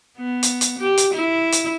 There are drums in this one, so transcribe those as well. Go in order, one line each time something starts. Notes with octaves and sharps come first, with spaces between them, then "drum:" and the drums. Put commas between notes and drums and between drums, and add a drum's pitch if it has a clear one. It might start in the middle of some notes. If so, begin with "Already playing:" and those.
B3
drum: hi-hat
drum: hi-hat
G4
drum: hi-hat
E4
drum: hi-hat